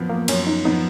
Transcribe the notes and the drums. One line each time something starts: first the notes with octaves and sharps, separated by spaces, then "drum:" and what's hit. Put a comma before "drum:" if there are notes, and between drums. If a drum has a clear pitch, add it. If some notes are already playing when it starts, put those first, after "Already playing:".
Already playing: F#2 F3 B3
A#3
F#2 C#4, drum: cymbal
D#4
F3 B3 D#4